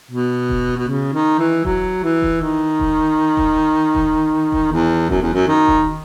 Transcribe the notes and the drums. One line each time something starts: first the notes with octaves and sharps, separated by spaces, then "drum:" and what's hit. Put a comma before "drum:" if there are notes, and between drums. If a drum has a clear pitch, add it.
B2
drum: kick E1
B2
C#3
D#3
E3
F#3, drum: kick E1
E3
drum: kick E1
D#3
drum: kick E1
drum: kick E1
drum: kick E1
drum: kick E1
E2
F#2, drum: kick E1
E2
F#2
D#3
drum: kick E1